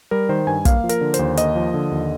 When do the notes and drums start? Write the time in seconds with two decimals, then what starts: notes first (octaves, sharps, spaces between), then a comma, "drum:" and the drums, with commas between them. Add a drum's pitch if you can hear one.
0.11 G3 A#4
0.29 D#3 C5
0.47 G2 G#5
0.65 A#3 F5, drum: kick, hi-hat
0.84 F3
0.89 A#4, drum: hi-hat
1.01 D3
1.14 C5, drum: hi-hat
1.19 D#2
1.37 A#3 D#5, drum: hi-hat
1.56 F3
1.74 D3
1.92 D#2